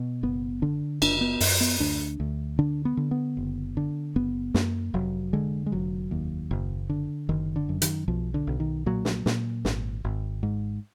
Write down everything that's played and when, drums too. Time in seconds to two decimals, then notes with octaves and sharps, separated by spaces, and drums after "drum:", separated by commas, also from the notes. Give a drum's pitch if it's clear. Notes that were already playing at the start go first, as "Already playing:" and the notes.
Already playing: B2
0.23 F#1 B3
0.62 D3 D4
1.02 F#1 D4, drum: cymbal
1.21 B3
1.40 F#2, drum: open hi-hat
1.61 B3
1.80 D2 D4
2.20 D2
2.59 D3 D4
2.85 B3
2.97 D3
3.11 B3
3.37 F#1
3.77 D3
4.16 F#1 B3
4.54 F#2 A#3, drum: snare
4.94 F1 F#3
5.33 D3 G#3
5.66 G#3
5.72 F1 F#3
6.11 D#2
6.51 F#1
6.90 D3
7.29 F#1 D#3
7.56 D3
7.69 F#2
7.82 D#3, drum: hi-hat
8.08 B1 F3
8.34 D3
8.47 B1
8.60 D#3
8.86 A#2 F#3
9.05 drum: snare
9.26 A#2, drum: snare
9.65 G#1, drum: snare
10.05 G#1
10.43 G#2